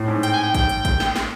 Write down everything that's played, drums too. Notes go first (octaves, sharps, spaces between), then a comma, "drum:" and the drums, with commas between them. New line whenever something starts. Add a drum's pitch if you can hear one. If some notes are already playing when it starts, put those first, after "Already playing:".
Already playing: A2
G#2
G5, drum: hi-hat
G#5
G5
G5, drum: kick A1, hi-hat
drum: hi-hat
drum: kick A1, hi-hat
drum: snare
drum: snare